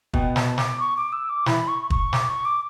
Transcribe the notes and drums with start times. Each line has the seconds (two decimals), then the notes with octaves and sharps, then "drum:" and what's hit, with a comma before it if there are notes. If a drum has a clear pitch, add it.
0.14 B2 B3 G5, drum: kick
0.36 A5, drum: snare
0.58 D6, drum: snare
0.79 C#6
0.96 D6
1.12 E6
1.29 D6
1.46 E3 E4 B5, drum: snare
1.68 C#6
1.90 C#6, drum: kick
2.13 D6, drum: snare
2.29 C#6
2.45 D6